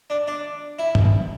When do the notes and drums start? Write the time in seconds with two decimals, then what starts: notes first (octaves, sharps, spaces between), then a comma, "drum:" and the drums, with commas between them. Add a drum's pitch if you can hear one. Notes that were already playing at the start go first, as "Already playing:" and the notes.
0.10 D4
0.27 D4
0.79 E4
0.95 drum: tom G2